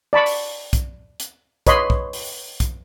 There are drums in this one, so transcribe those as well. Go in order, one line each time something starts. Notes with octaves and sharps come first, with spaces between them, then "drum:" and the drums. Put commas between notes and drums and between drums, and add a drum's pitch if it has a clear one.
D5 A5 B5 C#6
drum: open hi-hat
drum: kick, hi-hat
drum: hi-hat
B4 C#5 D#5 B5 C6, drum: kick, hi-hat
drum: kick
drum: open hi-hat
drum: kick, hi-hat